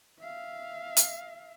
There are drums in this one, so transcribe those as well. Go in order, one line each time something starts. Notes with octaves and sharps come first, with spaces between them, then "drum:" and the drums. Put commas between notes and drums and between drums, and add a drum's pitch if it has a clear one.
E5 F5
drum: hi-hat